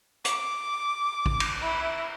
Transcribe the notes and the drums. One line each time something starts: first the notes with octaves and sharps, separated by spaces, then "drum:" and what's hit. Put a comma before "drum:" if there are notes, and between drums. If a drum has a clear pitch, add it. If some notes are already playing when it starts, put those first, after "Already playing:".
D6, drum: hi-hat
drum: kick
drum: cymbal
E4